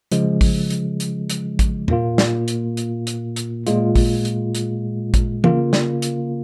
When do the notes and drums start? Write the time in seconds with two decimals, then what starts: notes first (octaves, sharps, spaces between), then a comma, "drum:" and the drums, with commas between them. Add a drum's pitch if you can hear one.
0.12 C#3 F3 G#3, drum: hi-hat
0.41 drum: kick A1, open hi-hat
0.70 drum: hi-hat
1.00 drum: hi-hat
1.30 drum: hi-hat
1.59 drum: kick A1, hi-hat
1.88 A#2 A#3 F4, drum: tom E2
2.18 drum: snare
2.48 drum: hi-hat
2.77 drum: hi-hat
3.07 drum: hi-hat
3.36 drum: hi-hat
3.67 A#2 G#3 F4, drum: hi-hat
3.96 drum: kick A1, open hi-hat
4.25 drum: hi-hat
4.55 drum: hi-hat
5.14 drum: kick A1, hi-hat
5.44 C#3 A#3 F4, drum: tom
5.73 drum: snare
6.02 drum: hi-hat